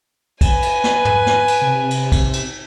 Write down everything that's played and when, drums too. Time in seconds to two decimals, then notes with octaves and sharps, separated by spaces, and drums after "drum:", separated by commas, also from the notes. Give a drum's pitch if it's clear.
0.41 B4 G#5, drum: kick, cymbal
0.62 drum: cymbal
0.84 drum: snare
1.05 drum: tom
1.26 drum: snare
1.48 drum: cymbal
1.62 C3
1.91 drum: cymbal
2.12 drum: kick, cymbal
2.33 drum: cymbal